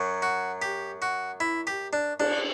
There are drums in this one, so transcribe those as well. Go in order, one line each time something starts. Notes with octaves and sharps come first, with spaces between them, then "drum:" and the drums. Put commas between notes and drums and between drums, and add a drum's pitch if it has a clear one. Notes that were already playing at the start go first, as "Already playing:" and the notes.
Already playing: F#2 F#3
F#4
G4
F#4
E4
G4
D4
D4, drum: cymbal